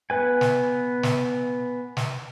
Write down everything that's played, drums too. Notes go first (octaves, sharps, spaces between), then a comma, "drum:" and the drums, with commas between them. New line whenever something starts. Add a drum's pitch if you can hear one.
B3 B4 G#5
drum: snare
drum: snare
drum: snare